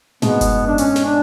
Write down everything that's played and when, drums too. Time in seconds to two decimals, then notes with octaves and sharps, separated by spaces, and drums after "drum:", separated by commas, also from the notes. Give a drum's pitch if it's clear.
0.22 G#2 B2 B3, drum: snare
0.41 drum: kick F#1, hi-hat
0.67 D4
0.78 C#4, drum: hi-hat
0.96 drum: snare
1.05 D4